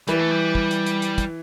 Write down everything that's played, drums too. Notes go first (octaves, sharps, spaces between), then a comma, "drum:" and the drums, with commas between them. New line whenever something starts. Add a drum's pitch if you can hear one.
E3 G3, drum: hi-hat
A3
G3
drum: kick
drum: hi-hat
drum: hi-hat
drum: hi-hat
drum: kick, hi-hat